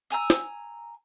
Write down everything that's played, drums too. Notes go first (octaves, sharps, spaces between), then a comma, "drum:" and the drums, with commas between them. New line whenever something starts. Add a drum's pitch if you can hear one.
E5 G#5 A#5 E6
drum: snare